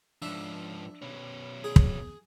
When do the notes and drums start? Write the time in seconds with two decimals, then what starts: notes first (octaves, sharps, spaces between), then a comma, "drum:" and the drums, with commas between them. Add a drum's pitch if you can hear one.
0.22 G#2 F3 D4 E5
1.02 B2 C#4
1.64 G#4
1.76 drum: kick